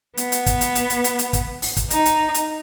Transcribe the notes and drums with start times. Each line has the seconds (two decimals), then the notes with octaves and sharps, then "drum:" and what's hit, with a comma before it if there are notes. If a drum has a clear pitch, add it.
0.17 B3, drum: hi-hat
0.32 drum: hi-hat
0.46 drum: kick, hi-hat
0.61 drum: hi-hat
0.75 drum: hi-hat
0.90 drum: hi-hat
1.04 drum: hi-hat
1.19 drum: hi-hat
1.33 drum: kick, hi-hat
1.62 drum: open hi-hat
1.77 drum: kick, hi-hat
1.90 D#4, drum: hi-hat
2.05 drum: hi-hat
2.34 drum: hi-hat